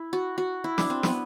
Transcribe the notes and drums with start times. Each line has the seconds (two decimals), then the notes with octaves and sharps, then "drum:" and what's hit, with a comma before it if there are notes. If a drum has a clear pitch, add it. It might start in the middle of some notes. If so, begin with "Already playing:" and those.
Already playing: E4
0.13 F#4
0.38 F#4
0.64 E4
0.78 D4, drum: snare
0.90 C4
1.03 B3, drum: snare